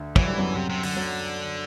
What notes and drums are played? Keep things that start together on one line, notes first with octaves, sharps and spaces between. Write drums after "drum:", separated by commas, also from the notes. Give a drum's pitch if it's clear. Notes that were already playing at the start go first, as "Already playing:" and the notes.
Already playing: D2 D3
E3 F#3, drum: kick
G3
F#2 F#3
C3
C3
D3, drum: open hi-hat
F#3